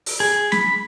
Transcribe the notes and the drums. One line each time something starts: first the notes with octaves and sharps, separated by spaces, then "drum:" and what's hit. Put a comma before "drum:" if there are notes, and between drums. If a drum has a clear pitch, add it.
drum: open hi-hat
G#4
B5, drum: snare